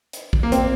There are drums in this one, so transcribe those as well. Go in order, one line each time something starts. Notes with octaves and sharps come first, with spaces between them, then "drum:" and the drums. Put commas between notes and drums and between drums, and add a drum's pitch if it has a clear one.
drum: hi-hat
drum: kick A#1
A#3
C4, drum: hi-hat